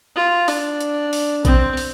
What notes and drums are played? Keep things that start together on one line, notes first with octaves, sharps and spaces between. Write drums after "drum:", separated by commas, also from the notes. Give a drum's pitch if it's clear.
F4
D4, drum: open hi-hat
drum: hi-hat
drum: open hi-hat
C4, drum: kick A#1, hi-hat
drum: open hi-hat